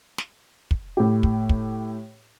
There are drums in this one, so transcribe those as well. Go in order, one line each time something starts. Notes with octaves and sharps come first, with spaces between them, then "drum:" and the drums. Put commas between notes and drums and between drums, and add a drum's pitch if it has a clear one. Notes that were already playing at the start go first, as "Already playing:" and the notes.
drum: snare
drum: kick
A2 G4
drum: kick
drum: kick